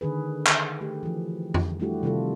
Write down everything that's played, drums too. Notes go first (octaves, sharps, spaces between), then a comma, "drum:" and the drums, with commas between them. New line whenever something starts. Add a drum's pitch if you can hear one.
D3 D#3 G#4 B4
drum: clap
A3 G4
E3 F3
drum: tom F2
G3 A3 D4 E4 F#4 G4
C3 D#3 G3 F4 A4